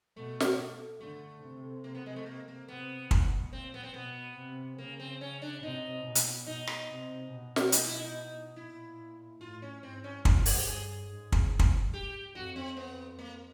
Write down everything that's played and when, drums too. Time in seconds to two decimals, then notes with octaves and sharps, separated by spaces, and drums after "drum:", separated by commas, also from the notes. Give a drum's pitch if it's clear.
0.16 B2 A3
0.40 drum: snare
1.00 D3 A3
1.42 C3
1.84 A#3
1.95 B3
2.06 G#3
2.16 A3
2.26 A#3
2.48 A#3
2.68 C3 B3
3.11 B2, drum: kick
3.53 A#2 C4
3.74 B3
3.83 C4
3.94 B2 B3
4.36 C3
4.78 C#3 A#3
5.00 C4
5.21 C#4
5.42 D4
5.63 C3 D#4
6.05 B2
6.15 drum: hi-hat
6.46 B2 D#4
6.67 drum: rim click
6.89 C3
7.31 B2
7.56 drum: snare
7.72 D#4, drum: hi-hat
7.87 E4
7.99 D#4
8.56 A#2 E4
9.41 A2 F4
9.62 C#4
9.83 G#2 C4
10.04 C#4
10.25 G2 D4, drum: kick
10.36 F4
10.46 G#4, drum: open hi-hat
10.56 G4
10.67 G2 G#4
11.09 G#2
11.32 drum: kick
11.59 drum: kick
11.94 G4
12.35 F2 F#4
12.56 C4
12.77 B3
13.19 A#3